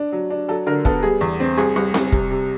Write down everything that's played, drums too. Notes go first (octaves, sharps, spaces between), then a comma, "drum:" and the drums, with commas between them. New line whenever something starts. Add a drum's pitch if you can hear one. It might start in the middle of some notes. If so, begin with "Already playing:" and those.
Already playing: D4
F#3
D4
F#3 A4
D3 A#4
B3 A4, drum: kick
G3 G#4
E2
C4
C2 G#4
C2
C2, drum: snare C4
C3, drum: kick
C3